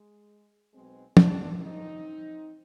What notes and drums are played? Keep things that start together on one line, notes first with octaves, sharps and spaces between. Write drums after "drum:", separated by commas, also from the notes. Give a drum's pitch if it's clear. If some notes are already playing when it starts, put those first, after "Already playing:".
Already playing: G#3
B1 B2 G#3 C4
B3 D4, drum: tom
G1 F2 D#3 C4 D#4